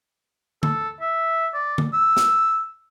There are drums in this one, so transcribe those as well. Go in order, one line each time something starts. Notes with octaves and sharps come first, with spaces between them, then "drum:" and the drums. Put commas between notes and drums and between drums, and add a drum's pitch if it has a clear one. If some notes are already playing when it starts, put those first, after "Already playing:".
A4, drum: tom D3
E5
D5
drum: tom D3
E6
drum: snare